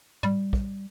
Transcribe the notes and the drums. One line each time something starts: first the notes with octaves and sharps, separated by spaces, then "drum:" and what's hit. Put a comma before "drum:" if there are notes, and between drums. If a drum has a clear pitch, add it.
G3, drum: tom
drum: kick